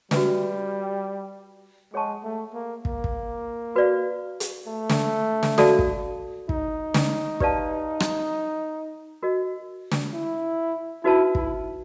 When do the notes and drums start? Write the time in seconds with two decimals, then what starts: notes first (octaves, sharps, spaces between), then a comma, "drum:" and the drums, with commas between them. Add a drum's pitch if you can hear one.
0.11 G3 F#4 B4 E5, drum: snare
1.94 G#3 G#4 C#5 F#5 A5 C#6
2.23 A3
2.54 A#3
2.85 A#3, drum: kick
3.04 drum: kick
3.76 F#4 B4 D5 F5
4.40 drum: hi-hat
4.67 A3
4.90 drum: snare
5.43 drum: snare
5.58 F#4 A4 D5 F5 A5, drum: snare
5.79 drum: kick
6.49 D#4, drum: kick
6.94 drum: snare
7.40 G4 B4 D5 F5 A5, drum: kick
8.00 drum: rim click
9.23 F#4 A#4 D#5
9.92 drum: snare
10.13 E4
11.04 D#4 E4 F#4 B4 E5 A5
11.35 E4, drum: kick